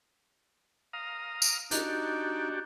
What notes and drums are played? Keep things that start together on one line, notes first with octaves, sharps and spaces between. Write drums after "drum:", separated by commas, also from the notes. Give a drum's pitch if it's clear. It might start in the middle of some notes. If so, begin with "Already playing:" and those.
F5 A#5 D#6
drum: tambourine
D4 D#4 F#4 G4, drum: hi-hat